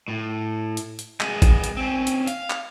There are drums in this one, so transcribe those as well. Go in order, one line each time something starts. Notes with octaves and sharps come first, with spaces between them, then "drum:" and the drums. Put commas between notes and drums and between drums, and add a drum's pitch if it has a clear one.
A2
drum: hi-hat
drum: hi-hat
G#3 B3, drum: clap
drum: kick, hi-hat
drum: hi-hat
C4 C#4
drum: hi-hat
F5, drum: hi-hat
drum: clap